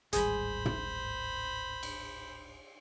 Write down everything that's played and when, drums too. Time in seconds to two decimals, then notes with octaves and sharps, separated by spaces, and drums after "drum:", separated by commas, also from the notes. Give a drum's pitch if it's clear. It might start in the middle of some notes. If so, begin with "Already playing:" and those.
0.13 D1 G#1 G3 G#4 C5 B5, drum: hi-hat
0.65 drum: tom
1.83 drum: cymbal